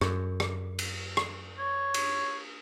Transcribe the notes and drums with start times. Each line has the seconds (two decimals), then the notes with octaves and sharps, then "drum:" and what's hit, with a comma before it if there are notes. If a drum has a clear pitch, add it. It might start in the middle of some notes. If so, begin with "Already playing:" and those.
0.01 F#2, drum: rim click
0.40 drum: rim click
0.79 drum: cymbal
1.17 drum: rim click
1.59 C#5
1.94 drum: cymbal